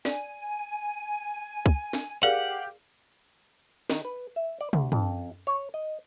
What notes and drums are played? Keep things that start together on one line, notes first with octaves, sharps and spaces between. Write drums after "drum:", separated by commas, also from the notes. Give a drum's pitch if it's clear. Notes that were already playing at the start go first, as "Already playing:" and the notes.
D5 G#5, drum: snare
drum: kick
drum: snare
G4 G#4 A#4 D5 F5 F#5
D#3, drum: snare
B4
E5
D5
D2, drum: tom
F2, drum: tom
C#5
D#5